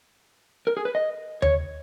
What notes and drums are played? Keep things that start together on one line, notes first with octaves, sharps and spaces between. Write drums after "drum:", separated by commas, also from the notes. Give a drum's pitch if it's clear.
A#4
G#4
B4
D#5
C#5, drum: tom D#2